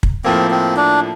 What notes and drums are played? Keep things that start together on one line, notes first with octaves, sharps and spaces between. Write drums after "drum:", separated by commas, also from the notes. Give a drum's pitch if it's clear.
drum: kick
A2 F3 A#3 C4
C4
D4